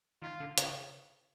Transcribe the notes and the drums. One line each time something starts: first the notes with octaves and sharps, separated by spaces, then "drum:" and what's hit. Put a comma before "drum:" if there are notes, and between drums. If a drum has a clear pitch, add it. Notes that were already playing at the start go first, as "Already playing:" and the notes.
D#3 F4
D3
C#3, drum: hi-hat